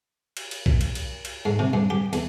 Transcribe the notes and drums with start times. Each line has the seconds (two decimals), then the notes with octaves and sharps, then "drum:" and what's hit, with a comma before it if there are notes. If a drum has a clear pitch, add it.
0.37 drum: cymbal
0.51 drum: cymbal
0.66 drum: kick B1
0.81 drum: cymbal
0.95 drum: cymbal
1.25 drum: cymbal
1.45 G#2
1.59 C3
1.73 G2
1.90 G4
2.13 E2, drum: cymbal